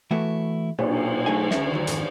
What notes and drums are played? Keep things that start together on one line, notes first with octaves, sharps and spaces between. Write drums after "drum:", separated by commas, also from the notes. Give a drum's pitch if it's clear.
E3 A3 B3 E4 F#4
B1 A#2 B3, drum: cymbal
B1 F#3 A3 D#4 G#5
D2 C#4 A#4 E5, drum: snare
D2 D#3 E3 F#3
F2 G#2 D#3, drum: hi-hat